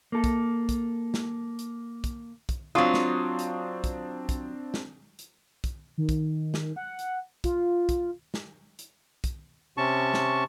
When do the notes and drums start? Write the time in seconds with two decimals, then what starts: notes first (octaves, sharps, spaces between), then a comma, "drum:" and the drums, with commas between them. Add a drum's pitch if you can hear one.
0.12 A#3 A4
0.24 drum: kick, hi-hat
0.69 drum: kick, hi-hat
1.14 drum: snare
1.59 drum: hi-hat
2.04 drum: kick, hi-hat
2.49 drum: kick, hi-hat
2.75 F#3 C4 D4 F4 F5 C#6 D#6
2.94 drum: snare
3.39 drum: hi-hat
3.84 drum: kick, hi-hat
4.29 drum: kick, hi-hat
4.74 drum: snare
5.19 drum: hi-hat
5.64 drum: kick, hi-hat
5.98 D#3
6.09 drum: kick, hi-hat
6.54 drum: snare
6.76 F#5
6.99 drum: hi-hat
7.44 F4, drum: kick, hi-hat
7.89 drum: kick, hi-hat
8.34 drum: snare
8.79 drum: hi-hat
9.24 drum: kick, hi-hat
9.77 C3 C#4 A5 C#6
10.14 drum: snare